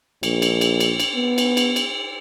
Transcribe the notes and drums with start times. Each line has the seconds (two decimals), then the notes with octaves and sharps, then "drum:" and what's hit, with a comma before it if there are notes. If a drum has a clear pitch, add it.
0.23 A#1, drum: cymbal
0.42 drum: cymbal
0.61 drum: cymbal
0.80 drum: cymbal
1.00 drum: cymbal
1.15 B3
1.38 drum: cymbal
1.57 drum: cymbal
1.76 drum: cymbal